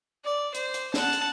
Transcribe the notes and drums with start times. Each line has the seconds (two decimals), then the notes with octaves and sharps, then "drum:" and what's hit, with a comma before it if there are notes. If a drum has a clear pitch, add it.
0.24 D5
0.55 C5, drum: hi-hat
0.74 drum: hi-hat
0.94 F#5 A5, drum: snare
1.13 drum: hi-hat